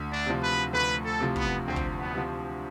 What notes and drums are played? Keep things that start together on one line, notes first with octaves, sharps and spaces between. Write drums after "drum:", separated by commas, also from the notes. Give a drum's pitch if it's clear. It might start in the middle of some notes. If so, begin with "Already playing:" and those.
Already playing: D2
D4
C3 F3
B4
D2 B4
A4
C3 F3
B3, drum: kick
D2 C4
drum: kick
B3
C3 F3